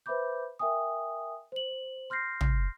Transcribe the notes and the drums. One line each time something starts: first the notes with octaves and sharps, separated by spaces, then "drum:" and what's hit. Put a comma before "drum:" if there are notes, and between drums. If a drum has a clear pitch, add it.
B4 C5 E5 B5 D6 G6
A#4 E5 G5 G#5 D#6
C5 F#7
C6 F6 G6 A#6 C7
drum: tom